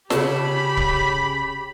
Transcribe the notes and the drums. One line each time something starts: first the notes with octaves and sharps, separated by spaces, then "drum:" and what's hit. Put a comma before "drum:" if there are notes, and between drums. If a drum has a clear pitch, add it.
C#3 G4 A5 B5, drum: snare
drum: kick C#1